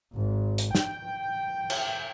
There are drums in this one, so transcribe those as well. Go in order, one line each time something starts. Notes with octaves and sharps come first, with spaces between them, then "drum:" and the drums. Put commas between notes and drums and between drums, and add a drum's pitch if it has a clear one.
G#1
drum: hi-hat
G5, drum: snare
drum: cymbal